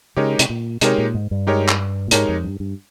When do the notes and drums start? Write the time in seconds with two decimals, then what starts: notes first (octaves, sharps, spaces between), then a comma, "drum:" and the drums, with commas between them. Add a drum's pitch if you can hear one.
0.17 C#3 G#3 D#4 G4 A#4 C#5
0.39 C3, drum: hi-hat
0.50 A#2
0.81 C3 G#3 D#4 G4 A#4 C#5, drum: hi-hat
0.98 A#2
1.14 G#2
1.31 G2
1.47 G#3 D#4 G4 A#4 C#5
1.68 drum: clap
2.08 A#2
2.11 G#2 G#3 D#4 G4 A#4 C#5, drum: hi-hat
2.29 F2
2.44 G2
2.60 G2